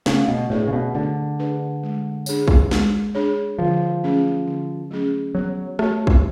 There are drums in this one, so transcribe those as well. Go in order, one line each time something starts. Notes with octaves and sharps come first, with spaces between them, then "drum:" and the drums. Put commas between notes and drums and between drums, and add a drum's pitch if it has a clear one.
C#3 A3, drum: snare
B2
A2 D4 G#4 B4 D5
C#3
B2
D3 A3
D4 G#4 B4 D5
G#3
D4 G#4 C#5, drum: tambourine
drum: kick
G#3, drum: snare
D4 G#4 C#5
D3 F3
F#3 A3 C#4 G#4
D3
F#3 A3 C#4 G#4
F#3 B3
A3 F#4 C#5, drum: rim click
drum: kick